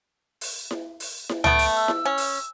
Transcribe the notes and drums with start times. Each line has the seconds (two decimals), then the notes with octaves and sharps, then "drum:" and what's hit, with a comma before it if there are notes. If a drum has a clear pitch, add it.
0.41 drum: open hi-hat
0.71 drum: snare E4
1.00 drum: open hi-hat
1.29 drum: snare E4
1.44 A3 B3 D7, drum: tom C#2
1.59 drum: open hi-hat
1.76 E6
1.88 drum: snare E4
2.05 C#4
2.18 drum: open hi-hat